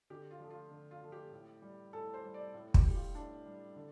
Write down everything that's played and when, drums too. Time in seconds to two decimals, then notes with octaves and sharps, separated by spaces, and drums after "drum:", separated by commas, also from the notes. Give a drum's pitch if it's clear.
0.10 D3 G4
0.31 F4
0.40 F3 A3
0.50 F4
0.71 D3
0.91 F4
1.01 F3 A3
1.12 G4
1.31 A2
1.62 G3
1.93 A2 A4
2.14 C5
2.23 G3
2.34 D5
2.54 A2
2.74 G4, drum: kick
2.85 G3
2.90 G4
2.95 F4
3.15 A2 D4
3.46 G3
3.76 D3